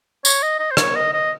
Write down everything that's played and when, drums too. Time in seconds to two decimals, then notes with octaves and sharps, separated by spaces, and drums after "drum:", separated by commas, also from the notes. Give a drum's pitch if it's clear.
0.25 C#5, drum: tambourine
0.43 D#5
0.59 D#5
0.71 C5
0.77 C#5, drum: rim click
0.96 D#5
1.13 D#5